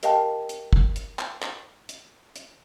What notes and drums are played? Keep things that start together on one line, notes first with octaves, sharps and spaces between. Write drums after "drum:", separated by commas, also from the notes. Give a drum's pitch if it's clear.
G4 A#4 D#5 F5 G5 A5, drum: hi-hat
drum: hi-hat
drum: kick
drum: hi-hat
drum: clap
drum: clap
drum: hi-hat
drum: hi-hat